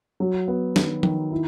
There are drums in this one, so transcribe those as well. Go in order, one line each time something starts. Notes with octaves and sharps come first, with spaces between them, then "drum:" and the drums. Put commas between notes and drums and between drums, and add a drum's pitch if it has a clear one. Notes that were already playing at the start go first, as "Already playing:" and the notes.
F#3
B3
D#3, drum: snare
D#3, drum: tom F3
E4